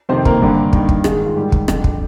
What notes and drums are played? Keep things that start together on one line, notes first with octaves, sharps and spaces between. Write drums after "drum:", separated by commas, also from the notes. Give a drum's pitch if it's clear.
F2 C3 D#3 C4 C5
A#3 A#4, drum: kick
G2 D3
G2 D#3, drum: kick
drum: kick
G#2 D#3 G#3 G#4, drum: rim click
F4
G#2 D#3 G3 G4
drum: kick
F2 D3, drum: rim click
drum: kick